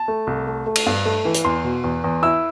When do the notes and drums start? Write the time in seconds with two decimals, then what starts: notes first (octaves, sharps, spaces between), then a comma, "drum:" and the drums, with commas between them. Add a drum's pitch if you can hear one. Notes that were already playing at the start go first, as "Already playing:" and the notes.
Already playing: A5
0.08 A3
0.27 C2
0.47 A3
0.66 A3
0.76 drum: cymbal
0.87 G2
1.06 A3
1.25 E3
1.34 drum: hi-hat
1.45 E2 C6
1.64 B2
1.84 E2
2.04 E2
2.23 E4 E6